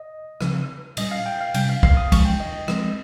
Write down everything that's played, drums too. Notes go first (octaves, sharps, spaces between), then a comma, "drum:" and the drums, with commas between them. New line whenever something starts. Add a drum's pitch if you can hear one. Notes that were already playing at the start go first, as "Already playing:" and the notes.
Already playing: D#5
C#3 F3 C4, drum: rim click
A#2 G3 C#4 D#5, drum: cymbal
F5
G5
F5
C3 G3 C#4 G5, drum: cymbal
F5
F5, drum: kick
D#6
F3 G#3 C#4 C#6, drum: kick, cymbal
G5
D#5
F3 G#3 C4 D#5, drum: rim click